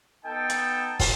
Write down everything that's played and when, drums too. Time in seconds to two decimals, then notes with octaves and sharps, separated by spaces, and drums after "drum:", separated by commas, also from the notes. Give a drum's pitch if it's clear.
0.25 B3 D#4 A4 D#5 G5 A5
0.50 drum: hi-hat
0.99 drum: kick, open hi-hat